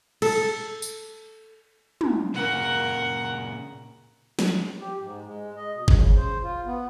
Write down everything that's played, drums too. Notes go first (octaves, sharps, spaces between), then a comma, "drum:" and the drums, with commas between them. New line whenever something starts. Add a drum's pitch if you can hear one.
A4, drum: cymbal
drum: tambourine
drum: tom
A#2 C#3 A#4 F#5
drum: snare
G4
G#2
G#3
D#5
B2
C#3, drum: kick G1
C5
F4
B3